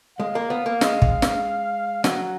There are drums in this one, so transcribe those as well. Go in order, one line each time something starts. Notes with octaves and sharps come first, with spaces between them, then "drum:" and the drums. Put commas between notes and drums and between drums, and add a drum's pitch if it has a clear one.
G#3 F5
A#3
B3
A#3
G#3, drum: snare
drum: kick
drum: snare
F#3 F#5, drum: snare